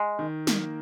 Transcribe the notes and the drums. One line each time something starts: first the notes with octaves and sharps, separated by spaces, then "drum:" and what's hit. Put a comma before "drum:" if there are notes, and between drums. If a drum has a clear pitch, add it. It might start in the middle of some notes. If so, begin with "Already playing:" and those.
Already playing: G#3
D#3
A#3, drum: snare